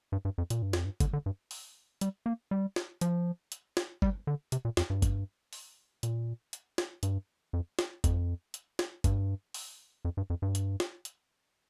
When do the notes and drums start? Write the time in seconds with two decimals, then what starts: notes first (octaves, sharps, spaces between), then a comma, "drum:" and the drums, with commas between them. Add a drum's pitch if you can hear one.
0.12 G2
0.25 G2
0.38 F2
0.50 A#2, drum: hi-hat
0.62 G2
0.73 F2, drum: snare
0.85 G2
1.00 D3, drum: kick G1, hi-hat
1.13 D3
1.26 G2
1.51 drum: open hi-hat
2.01 G3, drum: hi-hat
2.26 A#3
2.51 G3
2.76 drum: snare
3.01 F3, drum: hi-hat
3.52 drum: hi-hat
3.77 drum: snare
4.02 G3, drum: kick G1
4.27 D3
4.52 C3, drum: hi-hat
4.65 A#2
4.77 F2, drum: snare
4.90 G2
5.02 drum: kick G1, hi-hat
5.53 drum: open hi-hat
6.03 A#2, drum: hi-hat
6.53 drum: hi-hat
6.78 drum: snare
7.03 G2, drum: hi-hat
7.53 F2
7.79 drum: snare
8.04 F2, drum: kick G1, hi-hat
8.54 drum: hi-hat
8.79 drum: snare
9.04 G2, drum: kick G1, hi-hat
9.54 drum: open hi-hat
10.05 F2
10.17 G2
10.30 F2
10.42 G2
10.55 drum: hi-hat
10.80 drum: snare
11.05 drum: hi-hat